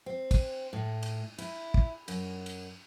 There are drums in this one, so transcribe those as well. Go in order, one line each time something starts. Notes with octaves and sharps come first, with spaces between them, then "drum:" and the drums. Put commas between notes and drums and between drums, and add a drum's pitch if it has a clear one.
C4
drum: kick, cymbal
A2
drum: cymbal
E4, drum: cymbal
drum: kick
F#2, drum: cymbal
drum: cymbal